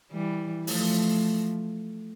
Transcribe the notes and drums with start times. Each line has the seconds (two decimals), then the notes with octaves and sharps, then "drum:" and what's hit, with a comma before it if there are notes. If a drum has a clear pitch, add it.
0.12 E3 G3
0.67 F3 A3, drum: open hi-hat